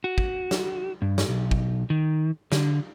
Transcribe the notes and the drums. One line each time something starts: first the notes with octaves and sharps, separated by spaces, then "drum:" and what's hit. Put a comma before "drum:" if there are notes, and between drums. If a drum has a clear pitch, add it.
F#4
drum: kick
drum: snare
G2
drum: snare
B1
drum: kick
D#3
D3, drum: snare